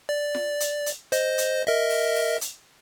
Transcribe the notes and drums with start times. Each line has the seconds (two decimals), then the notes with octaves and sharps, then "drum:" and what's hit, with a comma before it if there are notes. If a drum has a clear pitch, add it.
0.09 D5
0.35 drum: snare F4
0.60 drum: hi-hat
0.86 drum: hi-hat
1.12 C5 D#5, drum: hi-hat
1.38 drum: hi-hat
1.67 A#4 D#5 E5
1.90 drum: open hi-hat
2.15 drum: open hi-hat
2.41 drum: hi-hat